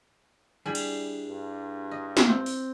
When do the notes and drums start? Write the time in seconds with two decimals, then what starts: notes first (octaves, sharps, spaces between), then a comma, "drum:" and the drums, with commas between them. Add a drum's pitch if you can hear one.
0.66 G3 D4 E4 G#4 G#5 B5
0.75 drum: cymbal
1.28 G2
1.91 D#5
2.17 drum: snare
2.27 C4
2.46 drum: open hi-hat